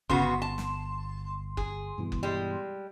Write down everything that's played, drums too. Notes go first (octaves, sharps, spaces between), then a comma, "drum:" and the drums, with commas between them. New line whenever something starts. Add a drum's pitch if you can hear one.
G1 C#3 B3 F#4 C6, drum: kick F#1
A5
drum: snare
G#4, drum: kick F#1
G2 B2 E3
drum: kick F#1
G3 G#3